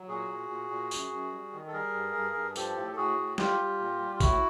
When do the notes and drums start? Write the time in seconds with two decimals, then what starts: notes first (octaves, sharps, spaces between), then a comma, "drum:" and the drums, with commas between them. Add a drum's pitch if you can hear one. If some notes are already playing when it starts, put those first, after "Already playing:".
Already playing: F#3
0.08 A#2 F#4 G#4
0.29 A#2
0.50 A#2
0.70 A#2
0.91 F#2, drum: tambourine
1.11 F#2
1.32 G3
1.53 D#3
1.67 A4
1.73 G3 G#4 A#4
1.94 G2
2.14 G2
2.35 G2
2.56 F3 G4 A4, drum: tambourine
2.76 A2
2.91 A4
2.96 A2 F#4 G#4
3.18 A2
3.38 G3 F4 G4, drum: snare
3.59 G3
3.79 A#2
4.00 G3
4.14 F4
4.20 A2 E4 F#4, drum: kick, tambourine